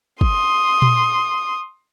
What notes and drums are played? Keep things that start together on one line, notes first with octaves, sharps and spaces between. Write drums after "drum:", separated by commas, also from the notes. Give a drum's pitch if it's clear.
C6 D#6, drum: kick
drum: tom A#2